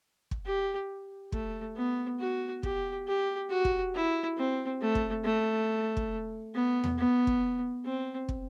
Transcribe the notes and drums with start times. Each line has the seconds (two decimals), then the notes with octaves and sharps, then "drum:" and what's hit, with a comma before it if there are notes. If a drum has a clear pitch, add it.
0.31 drum: kick
0.45 G4
1.32 A3, drum: kick
1.77 B3
2.20 F#4
2.63 G4, drum: kick
3.07 G4
3.50 F#4
3.65 drum: kick
3.94 E4
4.37 C4
4.81 A3
4.95 drum: kick
5.25 A3
5.97 drum: kick
6.55 B3
6.84 drum: tom E2
6.98 B3
7.27 drum: kick
7.85 C4
8.29 drum: kick